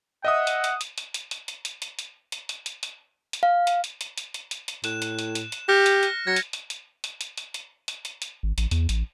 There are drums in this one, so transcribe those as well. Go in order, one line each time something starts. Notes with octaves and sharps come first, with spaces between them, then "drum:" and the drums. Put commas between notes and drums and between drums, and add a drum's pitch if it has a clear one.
D#5 E5 F#5 D#6
drum: hi-hat
drum: hi-hat
drum: hi-hat
drum: hi-hat
drum: hi-hat
drum: hi-hat
drum: hi-hat
drum: hi-hat
drum: hi-hat
drum: hi-hat
drum: hi-hat
drum: hi-hat
drum: hi-hat
drum: hi-hat
drum: hi-hat
F5
drum: hi-hat
drum: hi-hat
drum: hi-hat
drum: hi-hat
drum: hi-hat
drum: hi-hat
drum: hi-hat
A2 F#6 E7, drum: hi-hat
drum: hi-hat
drum: hi-hat
drum: hi-hat
drum: hi-hat
G4 F6 A#6 C#7
drum: hi-hat
drum: hi-hat
F#3 G#6 A#6 C#7
drum: hi-hat
drum: hi-hat
drum: hi-hat
drum: hi-hat
drum: hi-hat
drum: hi-hat
drum: hi-hat
drum: hi-hat
drum: hi-hat
drum: hi-hat
G#1
A1, drum: hi-hat
E2, drum: hi-hat
A1, drum: hi-hat